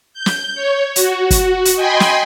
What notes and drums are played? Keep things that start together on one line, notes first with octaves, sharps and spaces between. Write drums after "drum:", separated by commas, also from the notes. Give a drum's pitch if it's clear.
G6
drum: snare
C#5
F#4, drum: hi-hat
drum: kick, hi-hat
drum: hi-hat
D#5 G5 G#5 B5 C6
drum: snare